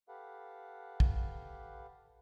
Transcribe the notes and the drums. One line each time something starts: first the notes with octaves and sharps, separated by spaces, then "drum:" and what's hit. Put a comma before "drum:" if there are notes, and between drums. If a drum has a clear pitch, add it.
G4 A4 B4 F5 F#5
drum: kick